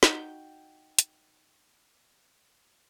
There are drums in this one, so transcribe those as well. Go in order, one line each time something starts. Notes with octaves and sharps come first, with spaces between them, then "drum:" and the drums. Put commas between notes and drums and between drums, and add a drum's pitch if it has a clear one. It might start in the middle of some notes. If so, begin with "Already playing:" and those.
D#4 F#4 G5, drum: snare
drum: hi-hat